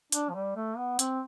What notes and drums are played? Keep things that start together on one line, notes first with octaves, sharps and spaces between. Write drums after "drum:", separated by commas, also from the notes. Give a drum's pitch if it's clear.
D4, drum: hi-hat
F3
G3
A3
B3
C4, drum: hi-hat